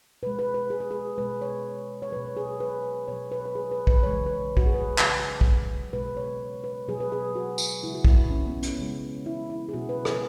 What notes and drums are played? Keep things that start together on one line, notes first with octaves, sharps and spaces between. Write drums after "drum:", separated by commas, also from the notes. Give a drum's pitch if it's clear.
B2 G#3 B4
B4
B4
G#4
B4
G#4
B2 G#3 B4
C#5
C#5
B2 F#3 B4
G#4
B4
B2 F#3 C#5
B4
B4
G#4
B4
B4, drum: kick
C#3 E3 G#3 C#5
B4
F#4, drum: kick
G#4
B4
C#3 F#3, drum: clap
drum: kick
B2 G#3 B4
C#5
B4
B2 F#3 G#4
B4
G#4
F#4
drum: tambourine
C#3 G#3 E4
F#4
E4, drum: kick
C#4
B3
C#4, drum: hi-hat
C#3 G#3
E4
E4
G#4
B2 F#3 F#4
B4
G#4, drum: rim click